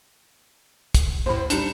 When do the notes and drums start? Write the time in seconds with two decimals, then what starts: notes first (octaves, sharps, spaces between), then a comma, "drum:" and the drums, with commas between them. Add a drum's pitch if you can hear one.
0.95 drum: kick, hi-hat
1.26 D#2 A2 C5 B5
1.50 G3 D4 D#4 C#7 E7, drum: hi-hat